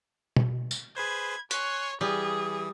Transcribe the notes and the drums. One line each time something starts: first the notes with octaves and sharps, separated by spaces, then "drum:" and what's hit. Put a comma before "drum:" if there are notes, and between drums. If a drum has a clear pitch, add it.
drum: tom B2
drum: tambourine
G#4 B4 C5 B5 G#6
C#5 G#5 C6 C#6 F#6, drum: hi-hat
E3 G3 G#4 D#6